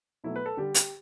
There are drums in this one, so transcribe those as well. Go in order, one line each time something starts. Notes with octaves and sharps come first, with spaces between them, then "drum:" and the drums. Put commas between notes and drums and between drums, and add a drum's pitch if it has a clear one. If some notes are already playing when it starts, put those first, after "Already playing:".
B2 F#3 A3 E4
B4
A4
D3 G3 G4
drum: hi-hat